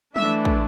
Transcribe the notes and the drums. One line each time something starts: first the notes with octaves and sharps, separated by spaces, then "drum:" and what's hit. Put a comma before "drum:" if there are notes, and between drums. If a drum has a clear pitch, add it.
E3 A3 D4 E5, drum: tom
drum: kick